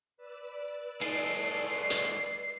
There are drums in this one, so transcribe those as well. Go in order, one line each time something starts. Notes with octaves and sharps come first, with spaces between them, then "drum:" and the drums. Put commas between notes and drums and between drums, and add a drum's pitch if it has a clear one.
B4 D5 E6
G#3 A4 C7, drum: cymbal
drum: hi-hat